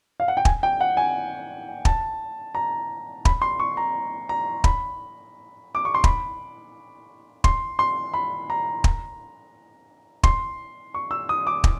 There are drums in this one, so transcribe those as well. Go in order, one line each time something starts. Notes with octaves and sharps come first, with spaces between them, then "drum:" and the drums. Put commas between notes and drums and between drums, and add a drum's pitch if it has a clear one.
F5
F#5
G5
G#5, drum: kick
G5
F#5
G#5
A5, drum: kick
A#5
B5, drum: kick
C6
C#6
A#5
A#5
B5, drum: kick
D6
C#6
C6
B5, drum: kick
C6, drum: kick
C6
B5
A#5
drum: kick
C6, drum: kick
C#6
E6
D#6
D6
drum: kick